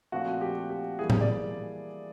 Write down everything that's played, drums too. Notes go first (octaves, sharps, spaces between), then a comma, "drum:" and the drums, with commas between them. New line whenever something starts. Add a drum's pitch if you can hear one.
A#2 F3 A3 C4 F#4
G4
G4
E3 G3 A#3 G#4
drum: tom A2
D5